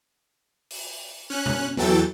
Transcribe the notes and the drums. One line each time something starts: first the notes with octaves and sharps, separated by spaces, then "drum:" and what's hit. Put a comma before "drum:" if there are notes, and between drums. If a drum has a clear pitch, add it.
drum: open hi-hat
C#4 F#6
drum: tom B2
E2 E3 F#3 A4 G5 A6